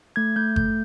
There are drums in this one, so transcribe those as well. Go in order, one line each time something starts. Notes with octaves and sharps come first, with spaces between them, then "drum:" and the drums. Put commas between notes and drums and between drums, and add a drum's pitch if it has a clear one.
A3 G#6
A3 G6
A3 G6, drum: kick G1